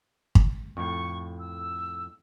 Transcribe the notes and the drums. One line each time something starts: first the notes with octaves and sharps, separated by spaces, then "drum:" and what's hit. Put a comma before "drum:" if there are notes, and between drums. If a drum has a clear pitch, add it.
drum: kick
F2 A2 C#6
E6